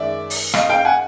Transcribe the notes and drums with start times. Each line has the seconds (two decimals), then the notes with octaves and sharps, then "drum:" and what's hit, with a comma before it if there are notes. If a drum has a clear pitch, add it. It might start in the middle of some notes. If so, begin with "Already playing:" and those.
Already playing: F#2 D#3 G#3 D5 E5
0.30 drum: open hi-hat
0.54 D#5 F5, drum: rim click
0.70 F5 G5
0.85 F#5 G#5